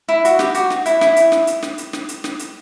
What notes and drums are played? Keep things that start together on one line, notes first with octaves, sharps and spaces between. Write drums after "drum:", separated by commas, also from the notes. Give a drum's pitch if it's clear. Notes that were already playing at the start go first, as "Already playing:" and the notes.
E4
F#4, drum: hi-hat
G4, drum: snare
F#4, drum: hi-hat
drum: snare
E4, drum: hi-hat
E4, drum: snare
drum: hi-hat
drum: snare
drum: hi-hat
drum: snare
drum: hi-hat
drum: snare
drum: hi-hat
drum: snare
drum: hi-hat